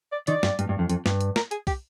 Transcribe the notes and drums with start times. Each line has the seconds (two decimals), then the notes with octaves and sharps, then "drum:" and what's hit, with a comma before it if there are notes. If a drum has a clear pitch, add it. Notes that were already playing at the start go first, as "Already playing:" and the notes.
0.12 D5
0.27 D#3 D5, drum: hi-hat
0.43 G2, drum: snare
0.59 G2, drum: hi-hat
0.69 G2
0.79 F2
0.90 F2, drum: hi-hat
1.06 G2, drum: snare
1.21 drum: hi-hat
1.36 A#4, drum: snare
1.51 G#4, drum: hi-hat
1.67 G4, drum: kick, open hi-hat